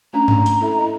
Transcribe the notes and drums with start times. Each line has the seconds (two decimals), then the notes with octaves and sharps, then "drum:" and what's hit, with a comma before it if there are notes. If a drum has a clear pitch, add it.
0.13 A3 C#4 D4 A#5
0.28 A#3, drum: tom G#2
0.46 drum: open hi-hat
0.60 E4 A4 E5
0.78 E4 D#5